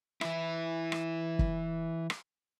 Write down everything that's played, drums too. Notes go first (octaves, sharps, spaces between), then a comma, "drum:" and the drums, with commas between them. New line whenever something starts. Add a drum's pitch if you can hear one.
E3 E4, drum: rim click
drum: rim click
drum: kick
drum: rim click